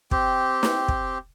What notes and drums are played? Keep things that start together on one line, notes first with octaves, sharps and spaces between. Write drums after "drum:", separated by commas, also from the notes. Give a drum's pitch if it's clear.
C4 G4, drum: kick
drum: snare
drum: kick